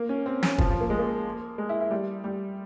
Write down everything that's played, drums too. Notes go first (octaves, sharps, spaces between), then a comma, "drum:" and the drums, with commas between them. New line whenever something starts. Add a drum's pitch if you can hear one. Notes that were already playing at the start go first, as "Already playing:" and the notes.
Already playing: A#3
C#4
C4
C#4, drum: snare
F3, drum: kick
F3
A#3
G#3
A#3
G#3
E4
E4
G3
G3